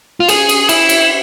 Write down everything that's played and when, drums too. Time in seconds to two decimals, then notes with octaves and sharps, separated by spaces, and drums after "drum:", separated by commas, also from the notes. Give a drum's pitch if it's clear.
0.20 F4
0.28 G#4, drum: cymbal
0.49 drum: cymbal
0.69 E4, drum: cymbal
0.89 drum: cymbal